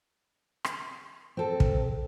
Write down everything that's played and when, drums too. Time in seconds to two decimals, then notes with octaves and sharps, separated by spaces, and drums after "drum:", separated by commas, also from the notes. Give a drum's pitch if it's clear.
0.64 drum: rim click
1.37 C4 A4
1.60 drum: kick